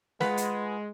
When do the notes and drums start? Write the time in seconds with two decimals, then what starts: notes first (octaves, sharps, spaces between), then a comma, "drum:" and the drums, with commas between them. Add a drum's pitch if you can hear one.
0.20 G#3 F4 B4 F#5, drum: snare
0.37 drum: hi-hat